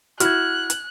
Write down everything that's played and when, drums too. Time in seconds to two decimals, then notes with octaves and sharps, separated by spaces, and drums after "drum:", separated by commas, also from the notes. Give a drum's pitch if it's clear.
0.20 E4 F#4 F6 F#6 G#6, drum: hi-hat
0.70 drum: hi-hat